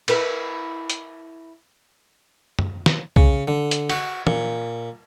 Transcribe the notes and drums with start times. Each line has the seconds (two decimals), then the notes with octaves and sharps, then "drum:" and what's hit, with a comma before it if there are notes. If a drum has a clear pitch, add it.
0.08 E4 A#4 B4, drum: cymbal
0.90 drum: hi-hat
2.59 drum: tom
2.86 drum: snare
3.16 C#3, drum: kick
3.48 D3
3.71 drum: hi-hat
3.90 F#4, drum: cymbal
4.27 A#2, drum: tom